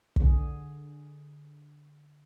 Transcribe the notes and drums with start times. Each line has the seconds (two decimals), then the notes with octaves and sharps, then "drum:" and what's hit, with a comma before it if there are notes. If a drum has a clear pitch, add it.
0.16 D3 G#4, drum: kick